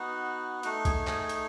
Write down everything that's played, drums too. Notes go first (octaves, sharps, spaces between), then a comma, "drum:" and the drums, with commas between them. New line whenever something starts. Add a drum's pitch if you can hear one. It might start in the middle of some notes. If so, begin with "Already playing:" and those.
Already playing: B3 D#4 F#4
A3 D#4 F#4, drum: hi-hat
G#4, drum: kick, hi-hat
G#4, drum: clap
drum: hi-hat